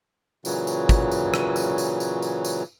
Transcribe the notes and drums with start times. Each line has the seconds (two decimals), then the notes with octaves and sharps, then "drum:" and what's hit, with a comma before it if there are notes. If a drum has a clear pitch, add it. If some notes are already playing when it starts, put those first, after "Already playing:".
0.45 A#2 C#3 E3 F#3, drum: tambourine
0.67 drum: tambourine
0.89 drum: kick, tambourine
1.11 drum: tambourine
1.34 drum: rim click
1.56 drum: tambourine
1.78 drum: tambourine
2.00 drum: tambourine
2.22 drum: tambourine
2.45 drum: tambourine